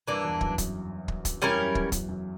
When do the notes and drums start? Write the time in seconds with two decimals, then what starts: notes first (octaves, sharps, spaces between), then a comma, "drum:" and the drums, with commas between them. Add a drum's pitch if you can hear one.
0.08 G2 E3 A#3 D4
0.24 E2
0.41 F#2, drum: kick
0.58 F#2, drum: kick, hi-hat
1.08 drum: kick
1.25 drum: kick, hi-hat
1.41 E2 G3 C#4 E4 A#4
1.58 F#2
1.75 E2, drum: kick
1.92 F#2, drum: kick, hi-hat
2.09 F#2